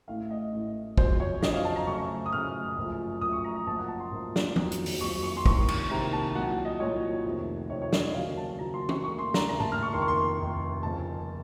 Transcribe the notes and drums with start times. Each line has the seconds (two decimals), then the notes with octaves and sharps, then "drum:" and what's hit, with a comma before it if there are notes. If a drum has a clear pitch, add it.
0.08 A1 A2 A3 F5
0.31 D#5
0.53 A1 A2 A3
0.98 F#1 F2 C#3 F#3 C5, drum: kick
1.20 C#5
1.43 F#1 F2 C#3 F#3 D#5, drum: snare
1.54 F5
1.65 A5
1.76 A#5
1.87 F#2 C#3 A3 C#6
2.26 D#6
2.32 F#2 C#3 A3 F6
2.77 F#1 F#2 F3 A3
3.21 F#1 F#2 F3 A3 D#6
3.33 C#6
3.44 A#5
3.55 A#5
3.67 F#1 F#2 F3 A#3 A5
3.78 F#5
3.88 A5
4.00 C6
4.12 F#1 F#2 F3 A#3
4.36 drum: snare
4.56 F#1 F2 D#3 F#3 A#3, drum: tom F3
4.72 drum: hi-hat
4.86 drum: open hi-hat
5.01 F#1 F2 D#3 F#3 A#3 C#6
5.23 C#6
5.37 C6
5.46 C2 C3 D#3 A#3 C#6, drum: kick
5.68 C#6, drum: cymbal
5.90 C2 C3 D#3 A#3 A#5
6.13 A5
6.35 C2 A#2 F#3 F#5
6.65 D#5
6.80 C2 A#2 F#3 C#5
7.25 F2 C3 D#3 A3
7.70 F2 C3 D#3 A3 C#5
7.82 C#5
7.93 D#5, drum: snare
8.15 D#2 C#3 F#3 F5
8.37 A5
8.59 D#2 C#3 F#3 A#5
8.74 C6
8.89 C#6, drum: tom
9.04 D#2 C#3 A3 C#6
9.19 C6
9.34 A#5, drum: snare
9.49 D#2 C#3 A3 A#5
9.60 A5, drum: tom G#2
9.72 F6
9.83 C#6
9.93 F1 D#2 D#3 A#3 C6
10.02 C#6
10.08 C6
10.39 F1 D#2 D#3 A#3
10.83 F1 F2 C#3 A5